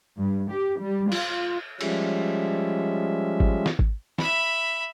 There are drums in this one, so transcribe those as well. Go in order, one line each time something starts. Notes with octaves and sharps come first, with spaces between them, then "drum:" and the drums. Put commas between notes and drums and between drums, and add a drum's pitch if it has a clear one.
G2
G4
G3
F4, drum: cymbal
F3 G3 G#3 C#4 E5, drum: cymbal
drum: kick G#1
drum: snare
drum: kick G#1
E5 B5, drum: snare